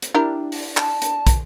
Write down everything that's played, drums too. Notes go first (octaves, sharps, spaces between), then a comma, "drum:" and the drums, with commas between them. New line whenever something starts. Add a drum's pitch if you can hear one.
drum: hi-hat
D4 E4 G4 A#4
drum: open hi-hat
A5, drum: clap
drum: hi-hat
drum: kick, hi-hat